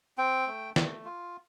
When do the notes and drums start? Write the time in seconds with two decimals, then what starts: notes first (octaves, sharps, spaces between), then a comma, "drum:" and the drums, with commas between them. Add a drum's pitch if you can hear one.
0.18 C4 G5
0.47 A3
0.76 A3, drum: snare
1.05 F4